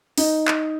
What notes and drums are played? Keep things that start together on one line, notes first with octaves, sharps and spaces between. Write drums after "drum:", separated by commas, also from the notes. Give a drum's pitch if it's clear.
D#4, drum: open hi-hat
drum: clap